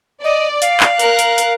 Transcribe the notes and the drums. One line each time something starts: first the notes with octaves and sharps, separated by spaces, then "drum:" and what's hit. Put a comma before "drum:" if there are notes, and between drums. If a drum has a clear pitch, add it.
D5 D#5
F5, drum: hi-hat
drum: clap
A#4 F#6, drum: hi-hat
drum: hi-hat
drum: hi-hat